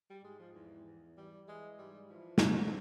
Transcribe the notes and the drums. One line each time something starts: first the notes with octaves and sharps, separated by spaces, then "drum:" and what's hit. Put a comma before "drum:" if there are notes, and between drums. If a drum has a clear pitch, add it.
G3
G#2 G#3
F3
E2 E3
E2
E3 G3
E3 G#3
G#2 G3
E3 F3
G#2, drum: snare